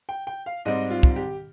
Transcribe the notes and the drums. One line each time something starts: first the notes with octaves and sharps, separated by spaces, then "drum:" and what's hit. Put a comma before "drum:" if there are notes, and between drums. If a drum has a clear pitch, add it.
G5
G5
F5
G#2 G3 C4 D#5
F4
drum: kick
G4